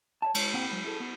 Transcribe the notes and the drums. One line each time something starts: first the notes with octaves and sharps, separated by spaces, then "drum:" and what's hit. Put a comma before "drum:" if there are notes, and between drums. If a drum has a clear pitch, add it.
C#5 E5 A5
G#3 C#5, drum: cymbal
A#2 A#3 C4 F#5 G5
F#3 G#3 B5
E4 G#4 A4
B3